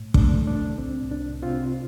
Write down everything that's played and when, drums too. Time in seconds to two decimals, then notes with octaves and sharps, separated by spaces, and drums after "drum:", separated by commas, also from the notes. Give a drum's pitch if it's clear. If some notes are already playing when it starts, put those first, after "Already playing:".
Already playing: A2
0.14 A3 D4, drum: kick
0.47 A2 D4
0.78 C2 C4
1.11 C2 D4
1.42 C3 C4 F4